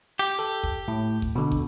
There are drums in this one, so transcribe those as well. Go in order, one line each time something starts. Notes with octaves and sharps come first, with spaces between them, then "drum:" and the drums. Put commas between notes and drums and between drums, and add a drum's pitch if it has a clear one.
G4
A4
drum: kick
A2
drum: kick
B2 D3
drum: kick